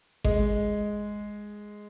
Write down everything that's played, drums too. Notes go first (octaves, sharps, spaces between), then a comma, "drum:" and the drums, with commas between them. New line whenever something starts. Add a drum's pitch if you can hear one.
G#3, drum: kick G#1